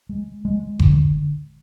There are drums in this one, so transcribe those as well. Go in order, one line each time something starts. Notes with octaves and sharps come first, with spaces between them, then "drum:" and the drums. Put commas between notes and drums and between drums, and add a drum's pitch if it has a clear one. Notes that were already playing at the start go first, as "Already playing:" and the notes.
G#3
G#3
D3, drum: kick F#1